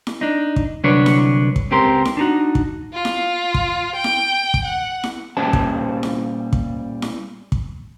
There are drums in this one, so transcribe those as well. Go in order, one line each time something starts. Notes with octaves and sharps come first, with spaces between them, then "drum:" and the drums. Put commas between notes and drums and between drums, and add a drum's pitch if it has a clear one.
drum: snare E4
D4 D#4
drum: kick
C2 D3 F#3 D4 B4 C#5
drum: snare E4
drum: kick
C#2 C#3 C4 G4 A#4 C6
drum: snare E4
D4 D#4 F#4
drum: kick
F4
drum: snare E4
drum: kick
G5
drum: snare E4
drum: kick
F#5
drum: snare E4
A#2 G3 C#4 C5 A5
drum: kick
drum: snare E4
drum: kick
drum: snare E4
drum: kick